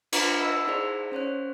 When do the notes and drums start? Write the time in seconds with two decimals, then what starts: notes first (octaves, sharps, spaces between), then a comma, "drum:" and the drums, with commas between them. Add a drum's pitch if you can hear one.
0.12 D4 F4 B4 C5 A#5, drum: cymbal
0.37 D#5 B5 E6
0.67 D#4 E4 G#4 C5 D5
1.12 C#4 C5 C#5 F#6